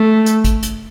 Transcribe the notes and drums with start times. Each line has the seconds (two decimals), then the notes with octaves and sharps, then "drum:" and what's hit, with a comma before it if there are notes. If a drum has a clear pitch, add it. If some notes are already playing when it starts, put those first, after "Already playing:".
Already playing: A3
0.26 drum: hi-hat
0.44 drum: kick, hi-hat
0.63 drum: hi-hat